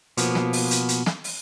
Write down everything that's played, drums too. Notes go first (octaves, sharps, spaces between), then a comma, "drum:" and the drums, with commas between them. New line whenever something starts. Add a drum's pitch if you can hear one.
B2 F3 A#3 B3, drum: hi-hat
drum: snare
drum: open hi-hat
drum: hi-hat
drum: hi-hat
drum: snare
drum: open hi-hat